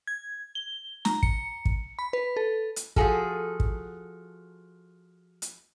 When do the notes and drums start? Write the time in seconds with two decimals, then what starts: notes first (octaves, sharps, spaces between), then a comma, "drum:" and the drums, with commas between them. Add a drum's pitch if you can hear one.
0.07 G#6
0.55 G7
1.05 A#5, drum: snare
1.23 C#7, drum: kick
1.65 drum: kick
1.99 B5
2.13 B4
2.36 A4
2.76 drum: hi-hat
2.96 F3 F#4 G#4 A4, drum: kick
3.60 drum: kick
5.42 drum: hi-hat